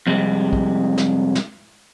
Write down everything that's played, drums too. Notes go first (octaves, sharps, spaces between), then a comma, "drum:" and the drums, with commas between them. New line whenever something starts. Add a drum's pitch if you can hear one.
F2 C3 G3 G#3
drum: kick
drum: snare
drum: snare